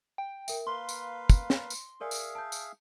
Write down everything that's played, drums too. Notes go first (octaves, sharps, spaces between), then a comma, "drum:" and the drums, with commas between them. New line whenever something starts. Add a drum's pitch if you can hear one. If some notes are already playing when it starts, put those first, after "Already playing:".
G5
A#4 E5, drum: tambourine
A#3 B4 F5 C6 G7
drum: tambourine
drum: kick, tambourine
drum: snare
drum: tambourine
G#4 A#4 D5 E5 F5 G#5
drum: tambourine
A5 G6
drum: tambourine